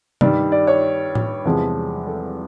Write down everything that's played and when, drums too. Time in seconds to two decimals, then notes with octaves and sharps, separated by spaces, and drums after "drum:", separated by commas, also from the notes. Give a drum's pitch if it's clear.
0.21 G2 D#3 G3 D5, drum: tom C3
0.52 D5
0.67 C#5
1.15 drum: tom A2
1.45 E2 C3 F3 G#3
2.07 A4